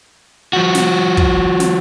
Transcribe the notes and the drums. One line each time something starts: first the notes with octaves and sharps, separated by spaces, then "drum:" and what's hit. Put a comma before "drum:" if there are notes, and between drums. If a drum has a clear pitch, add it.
F3 F#4
drum: snare
drum: kick
drum: snare